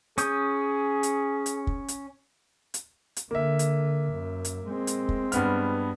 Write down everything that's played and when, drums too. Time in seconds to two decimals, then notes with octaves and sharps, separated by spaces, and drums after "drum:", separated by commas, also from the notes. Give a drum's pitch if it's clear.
0.18 C#4 G#4 D#6 G6, drum: hi-hat
1.03 drum: hi-hat
1.46 drum: hi-hat
1.67 drum: kick
1.88 drum: hi-hat
2.74 drum: hi-hat
3.17 drum: hi-hat
3.31 D3 A#3 E5
3.59 drum: hi-hat
4.13 F#2
4.45 drum: hi-hat
4.68 G#3 C4
4.87 drum: hi-hat
5.09 drum: kick
5.32 G2 B3 F6, drum: hi-hat